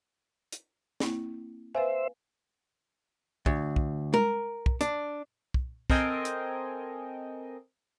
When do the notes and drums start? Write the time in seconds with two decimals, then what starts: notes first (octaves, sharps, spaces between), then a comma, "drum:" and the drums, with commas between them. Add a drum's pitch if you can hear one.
0.52 drum: hi-hat
1.00 A#3 C4 E4, drum: snare
1.75 B4 C5 E5 F5 G#5
3.46 D2, drum: kick
3.76 drum: kick
4.14 A#4, drum: tom G#3
4.66 drum: kick
4.81 D4, drum: hi-hat
5.54 drum: kick
5.90 C4 A4 A#4 D#5 G5 G#5, drum: kick
6.25 drum: hi-hat